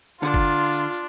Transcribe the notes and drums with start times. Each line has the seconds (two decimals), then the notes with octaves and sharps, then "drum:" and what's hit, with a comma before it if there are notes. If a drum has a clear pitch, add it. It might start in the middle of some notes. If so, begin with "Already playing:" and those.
0.23 D3 D4 F4
0.34 drum: kick F#1